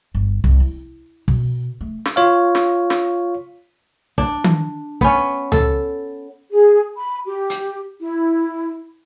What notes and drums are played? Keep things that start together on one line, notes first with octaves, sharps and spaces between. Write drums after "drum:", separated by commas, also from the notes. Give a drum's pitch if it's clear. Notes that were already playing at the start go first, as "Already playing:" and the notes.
G1
C2, drum: kick
E4
B2, drum: kick
A3
drum: snare
F4 C#5 F5
drum: snare
drum: snare
D4, drum: kick
drum: tom D#3
B3 C#4, drum: kick
A4, drum: tom C#2
G#4
B5
G4
drum: hi-hat
E4